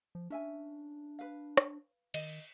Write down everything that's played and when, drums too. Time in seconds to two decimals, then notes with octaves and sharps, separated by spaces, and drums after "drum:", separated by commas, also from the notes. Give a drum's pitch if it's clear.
0.15 F3
0.30 C#4 D4 E5 G#5
1.19 B4 F5
1.57 drum: rim click
2.14 D#3 D#5, drum: cymbal